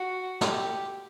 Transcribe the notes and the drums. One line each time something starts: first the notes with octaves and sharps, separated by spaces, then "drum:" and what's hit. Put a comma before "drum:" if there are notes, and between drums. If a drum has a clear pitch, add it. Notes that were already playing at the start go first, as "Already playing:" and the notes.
Already playing: F#4
G4, drum: snare